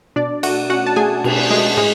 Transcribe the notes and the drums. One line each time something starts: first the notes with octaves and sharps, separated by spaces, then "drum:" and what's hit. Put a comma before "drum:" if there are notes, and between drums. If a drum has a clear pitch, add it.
B2 D4 D5
A3 F#4 F#5, drum: cymbal
C#4 F#4 F#5
A5
A3 G#4 G#5
B2, drum: cymbal
G#3 A3 G#4
A2 G#3 G#4